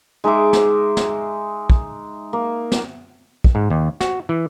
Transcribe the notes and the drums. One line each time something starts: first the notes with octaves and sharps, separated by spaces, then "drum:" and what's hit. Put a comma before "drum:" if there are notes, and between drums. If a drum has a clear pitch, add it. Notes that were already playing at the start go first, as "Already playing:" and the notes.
G#3 D#4 E5 D6
drum: snare
drum: snare
drum: kick
A#3
drum: snare
drum: kick
G#2
D#2
F#4, drum: snare
E3